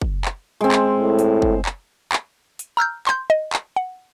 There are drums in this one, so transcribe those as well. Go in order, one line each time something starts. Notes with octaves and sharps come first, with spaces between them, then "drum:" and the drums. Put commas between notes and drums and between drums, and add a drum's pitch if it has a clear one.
drum: kick F#1
drum: clap
G#3 C4
drum: clap
A2
drum: hi-hat
drum: kick F#1
drum: clap
drum: clap
drum: hi-hat
A#5 E6 F6 G6
C6 G6, drum: clap
D#5
drum: clap
F#5